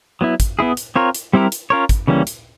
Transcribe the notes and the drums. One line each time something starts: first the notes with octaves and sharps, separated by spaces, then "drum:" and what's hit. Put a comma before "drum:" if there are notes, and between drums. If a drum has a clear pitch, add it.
F#3 B3 E4
drum: kick, hi-hat
B3 E4 G#4
drum: hi-hat
C4 F4 A#4 C#5
drum: hi-hat
G3 C4 E4 G4 A#4
drum: hi-hat
C#4 F4 A#4 C#5
drum: kick, hi-hat
C#3 E3 G3 A#3 C#4
drum: hi-hat